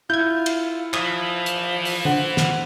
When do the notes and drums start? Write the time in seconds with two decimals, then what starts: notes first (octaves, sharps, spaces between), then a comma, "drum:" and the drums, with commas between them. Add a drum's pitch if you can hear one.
0.10 E4 F4 G6 G#6
0.46 drum: cymbal
0.94 E3 F3 D#6, drum: clap
1.46 drum: hi-hat
1.85 drum: open hi-hat
2.05 D3 C5 F#5
2.37 drum: snare